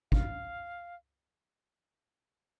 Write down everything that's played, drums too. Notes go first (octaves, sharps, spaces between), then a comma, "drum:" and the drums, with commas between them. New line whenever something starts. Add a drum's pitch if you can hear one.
F5, drum: kick